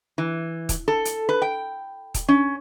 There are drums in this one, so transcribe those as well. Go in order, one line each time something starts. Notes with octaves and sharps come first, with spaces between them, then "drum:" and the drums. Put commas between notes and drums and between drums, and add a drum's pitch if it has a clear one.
E3
drum: kick D#1, hi-hat
A4
drum: hi-hat
B4
G5
drum: kick D#1, hi-hat
C#4